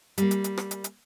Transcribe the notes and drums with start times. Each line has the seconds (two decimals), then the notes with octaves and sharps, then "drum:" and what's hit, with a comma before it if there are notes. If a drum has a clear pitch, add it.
0.18 G3 A#3, drum: hi-hat
0.31 drum: hi-hat
0.44 drum: hi-hat
0.58 drum: rim click
0.71 drum: hi-hat
0.84 drum: hi-hat